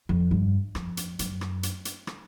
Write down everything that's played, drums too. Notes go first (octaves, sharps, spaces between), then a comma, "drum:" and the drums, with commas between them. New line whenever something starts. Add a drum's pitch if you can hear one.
F2
G2
F2, drum: rim click
drum: hi-hat
F#2, drum: hi-hat
drum: rim click
drum: hi-hat
drum: hi-hat
drum: rim click